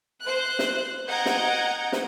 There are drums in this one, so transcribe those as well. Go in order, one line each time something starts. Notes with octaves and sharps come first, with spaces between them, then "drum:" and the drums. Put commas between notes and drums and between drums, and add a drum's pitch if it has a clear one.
C5 F#6
drum: snare
D#5 F#5 G5 A#5 G6 G#6
drum: snare
drum: snare